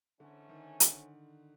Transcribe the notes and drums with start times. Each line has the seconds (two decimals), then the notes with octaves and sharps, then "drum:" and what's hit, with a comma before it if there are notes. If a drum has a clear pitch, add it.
0.20 G#2 D3 E3 A3 C#4
0.49 D#3
0.80 D3, drum: hi-hat